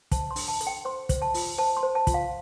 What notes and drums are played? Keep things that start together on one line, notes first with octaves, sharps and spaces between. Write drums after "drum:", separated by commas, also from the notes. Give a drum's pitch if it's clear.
C5 A5, drum: kick, hi-hat
C6
D4, drum: open hi-hat
A5
A4, drum: hi-hat
G5
C5 C6
C5, drum: kick, hi-hat
A5
F4, drum: open hi-hat
C5 A5
C6
C5
A5
F4, drum: kick, hi-hat
F5